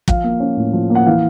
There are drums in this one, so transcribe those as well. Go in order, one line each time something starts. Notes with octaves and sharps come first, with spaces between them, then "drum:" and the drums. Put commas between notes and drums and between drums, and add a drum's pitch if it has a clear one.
F3 F5, drum: kick
A#3
C#4
A2
F3
A#3
F#5
E3 F5